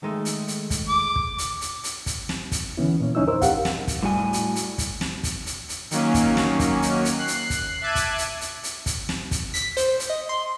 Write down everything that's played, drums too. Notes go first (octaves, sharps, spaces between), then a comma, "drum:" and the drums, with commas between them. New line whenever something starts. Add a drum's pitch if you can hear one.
D#3 G#3 A3
drum: hi-hat
drum: hi-hat
drum: kick, hi-hat
D6
drum: kick
drum: hi-hat
drum: hi-hat
drum: hi-hat
drum: kick, hi-hat
drum: snare
drum: kick, hi-hat
D3 E3 B3 C#4 E4
A#2 C#4
C#2 F3 C#4 D#4 E4 E6
F2 A#4 C5 E6
G4 F5 F#5, drum: kick, hi-hat
drum: snare
drum: kick, hi-hat
A2 G3 F#4 G#5
drum: hi-hat
drum: hi-hat
drum: kick, hi-hat
drum: snare
drum: kick, hi-hat
drum: hi-hat
drum: hi-hat
D#3 F#3 A#3 C#4, drum: hi-hat
drum: kick, hi-hat
drum: snare
drum: kick, hi-hat
drum: hi-hat
drum: hi-hat
F#6 C7
drum: hi-hat
drum: kick, hi-hat
E5 A5 D6 F#6 G#6 D#7
drum: kick, hi-hat
drum: hi-hat
drum: hi-hat
drum: hi-hat
drum: kick, hi-hat
drum: snare
drum: kick, hi-hat
B6, drum: hi-hat
C5, drum: hi-hat
drum: hi-hat
D#5
C6